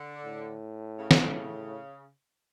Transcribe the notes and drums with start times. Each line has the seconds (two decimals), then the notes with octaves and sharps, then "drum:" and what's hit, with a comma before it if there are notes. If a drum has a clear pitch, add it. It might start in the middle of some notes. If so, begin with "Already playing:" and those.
Already playing: D3
0.25 A2
0.98 C#3
1.11 D3, drum: snare
1.23 C#3